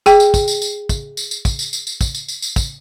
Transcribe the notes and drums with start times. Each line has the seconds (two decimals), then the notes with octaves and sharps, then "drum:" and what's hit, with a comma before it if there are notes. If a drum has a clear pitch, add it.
0.06 G#4 G5, drum: tambourine
0.20 drum: tambourine
0.34 drum: kick, tambourine
0.48 drum: tambourine
0.62 drum: tambourine
0.89 drum: kick, tambourine
1.17 drum: tambourine
1.31 drum: tambourine
1.45 drum: kick, tambourine
1.59 drum: tambourine
1.73 drum: tambourine
1.87 drum: tambourine
2.01 drum: kick, tambourine
2.15 drum: tambourine
2.28 drum: tambourine
2.42 drum: tambourine
2.56 drum: kick, tambourine